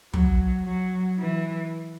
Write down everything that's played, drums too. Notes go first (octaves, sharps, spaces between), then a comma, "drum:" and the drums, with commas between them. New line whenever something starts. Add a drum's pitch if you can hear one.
F#3, drum: tom
F#3
E3